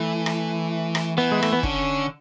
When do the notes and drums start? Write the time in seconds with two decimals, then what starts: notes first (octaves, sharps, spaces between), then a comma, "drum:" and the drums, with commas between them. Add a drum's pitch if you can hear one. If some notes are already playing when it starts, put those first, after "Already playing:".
Already playing: E3 A3
0.26 drum: rim click
0.95 drum: rim click
1.18 E3 B3
1.32 G#3
1.43 A3, drum: rim click
1.53 B3
1.63 D3 C#4, drum: kick